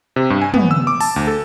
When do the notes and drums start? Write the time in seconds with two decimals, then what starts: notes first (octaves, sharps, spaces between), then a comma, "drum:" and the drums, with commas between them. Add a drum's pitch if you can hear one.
0.16 C3
0.30 G2
0.41 G#5
0.54 B3, drum: tom
0.71 E6
0.87 D6
1.01 A5, drum: open hi-hat
1.16 D2
1.27 A4